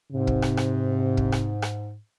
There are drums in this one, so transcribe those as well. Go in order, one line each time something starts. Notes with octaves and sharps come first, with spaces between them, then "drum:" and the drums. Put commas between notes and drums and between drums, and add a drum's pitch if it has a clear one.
G#2 C3
drum: kick
drum: rim click
drum: rim click
drum: kick
drum: rim click
drum: rim click